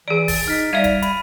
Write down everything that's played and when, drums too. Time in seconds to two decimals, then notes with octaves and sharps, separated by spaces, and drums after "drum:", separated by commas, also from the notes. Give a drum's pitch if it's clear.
0.08 E3 G#4 D5 D7
0.28 A6, drum: kick D1, open hi-hat
0.48 D#4 F6 B6
0.73 G3 D5 E5 F5 G#6 D#7 F7
0.84 drum: kick D1, hi-hat
1.02 B5 D#7, drum: hi-hat